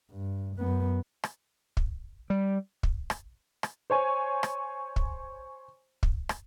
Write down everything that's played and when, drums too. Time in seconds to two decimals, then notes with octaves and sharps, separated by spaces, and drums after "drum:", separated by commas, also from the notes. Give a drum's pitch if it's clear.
0.11 G2
0.57 F#2 B3
1.24 drum: rim click
1.77 drum: kick
2.30 G3
2.83 drum: kick
3.10 drum: rim click
3.63 drum: rim click
3.90 C5 C#5 G#5
4.43 drum: rim click
4.96 drum: kick
6.03 drum: kick
6.29 drum: rim click